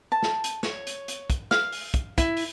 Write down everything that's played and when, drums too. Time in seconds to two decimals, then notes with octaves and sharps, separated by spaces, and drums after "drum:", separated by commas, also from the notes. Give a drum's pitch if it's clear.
0.12 A5
0.23 drum: snare
0.44 drum: hi-hat
0.63 C#5, drum: snare
0.87 drum: hi-hat
1.08 drum: hi-hat
1.30 drum: kick, hi-hat
1.51 F5, drum: snare
1.72 drum: open hi-hat
1.94 drum: kick, hi-hat
2.18 E4, drum: kick, hi-hat
2.37 drum: open hi-hat